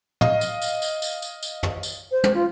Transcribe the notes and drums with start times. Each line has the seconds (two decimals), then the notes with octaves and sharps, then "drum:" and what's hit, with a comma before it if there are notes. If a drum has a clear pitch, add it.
0.21 D#5 F5, drum: tom
0.41 drum: tambourine
0.62 drum: tambourine
0.82 drum: tambourine
1.02 drum: tambourine
1.22 drum: tambourine
1.43 drum: tambourine
1.63 drum: tom
1.83 drum: tambourine
2.11 C5
2.24 drum: tom
2.34 F4